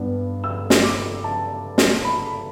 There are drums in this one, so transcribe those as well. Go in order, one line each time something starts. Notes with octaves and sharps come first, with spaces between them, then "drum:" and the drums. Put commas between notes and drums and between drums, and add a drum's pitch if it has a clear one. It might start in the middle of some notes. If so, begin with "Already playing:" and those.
Already playing: G2 G3 B3 D4
E6
drum: snare
D6
A5
drum: snare
B5